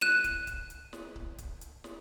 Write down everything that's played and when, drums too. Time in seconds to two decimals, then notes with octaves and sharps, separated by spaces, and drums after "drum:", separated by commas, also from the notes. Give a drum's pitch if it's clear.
0.01 F#6 D#7 E7, drum: snare
0.24 drum: kick, hi-hat
0.47 drum: kick, hi-hat
0.70 drum: hi-hat
0.93 drum: snare
1.16 drum: kick
1.38 drum: kick, hi-hat
1.61 drum: hi-hat
1.84 drum: snare